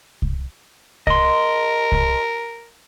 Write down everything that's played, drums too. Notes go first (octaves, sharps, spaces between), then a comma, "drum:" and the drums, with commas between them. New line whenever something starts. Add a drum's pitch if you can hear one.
drum: kick C2
A#4 D#5 C6, drum: kick C2
drum: kick C2